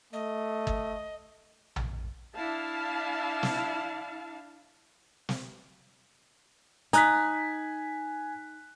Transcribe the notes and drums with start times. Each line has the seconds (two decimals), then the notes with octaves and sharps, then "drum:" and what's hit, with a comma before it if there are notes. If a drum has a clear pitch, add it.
0.13 A3 D#5
0.67 drum: kick G1
1.76 drum: tom A#1
2.35 D4 E4 F5 A5
3.43 drum: snare
5.29 drum: snare
6.93 D#4 G#5 F#6 B6, drum: hi-hat